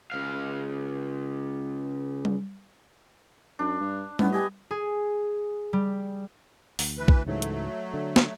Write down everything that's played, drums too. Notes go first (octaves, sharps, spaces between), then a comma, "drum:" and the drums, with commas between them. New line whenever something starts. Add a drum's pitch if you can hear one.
C#2 F5
drum: tom G3
F#2 D4
G2
A2 B3 C#4, drum: tom G3
G4 D#5 G#5
G#4
G3
D2, drum: open hi-hat
E3 B4
drum: kick A#1
C#2 G#2 E3 F#3 A3
drum: hi-hat
D3
drum: snare